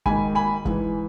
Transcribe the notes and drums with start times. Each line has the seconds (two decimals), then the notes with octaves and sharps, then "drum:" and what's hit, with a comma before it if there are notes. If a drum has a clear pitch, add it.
0.06 G#2 D#3 G#5 B5, drum: kick
0.35 G#5 B5
0.65 G#2 E3, drum: kick